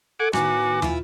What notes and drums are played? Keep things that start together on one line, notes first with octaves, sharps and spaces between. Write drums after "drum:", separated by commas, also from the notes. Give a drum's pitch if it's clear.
A4 F#5 G#5 D6
A2 D#3 B3 F#4 G#5 D6, drum: rim click
E4 F4, drum: tom